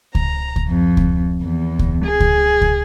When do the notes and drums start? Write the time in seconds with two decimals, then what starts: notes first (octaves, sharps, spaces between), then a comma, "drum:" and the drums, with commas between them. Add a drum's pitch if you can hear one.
0.15 A#5, drum: kick C#2
0.56 drum: kick C#2
0.67 F2
0.97 drum: kick C#2
1.42 E2
1.79 drum: kick C#2
2.04 G#4
2.20 drum: kick C#2
2.61 drum: kick C#2